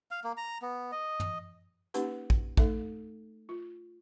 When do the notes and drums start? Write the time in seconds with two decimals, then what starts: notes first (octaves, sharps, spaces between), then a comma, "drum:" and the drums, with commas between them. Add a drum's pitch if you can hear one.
0.11 F5
0.24 A#3
0.37 A#5
0.62 B3
0.92 D#5
1.20 drum: tom
1.94 A#3 C#4 D#4 G4 B4 F#5, drum: hi-hat
2.30 drum: kick
2.57 A3 D#4 A4 E5, drum: kick
3.49 F4